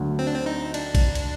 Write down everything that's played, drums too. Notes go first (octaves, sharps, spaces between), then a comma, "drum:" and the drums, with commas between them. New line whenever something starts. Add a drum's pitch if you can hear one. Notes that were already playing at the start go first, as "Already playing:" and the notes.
Already playing: D2 D3 F#3
C4
D4
C4
D#4
D4, drum: cymbal
drum: kick A1, cymbal
drum: cymbal